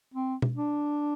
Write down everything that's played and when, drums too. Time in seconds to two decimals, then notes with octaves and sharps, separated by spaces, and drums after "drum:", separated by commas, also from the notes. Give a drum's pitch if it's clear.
0.14 C4
0.42 drum: tom B2
0.56 D4